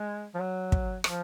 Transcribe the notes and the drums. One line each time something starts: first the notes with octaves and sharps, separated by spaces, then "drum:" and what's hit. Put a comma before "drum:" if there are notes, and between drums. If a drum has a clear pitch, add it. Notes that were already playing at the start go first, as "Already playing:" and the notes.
Already playing: G#3
F3
F#3
drum: kick
F3, drum: rim click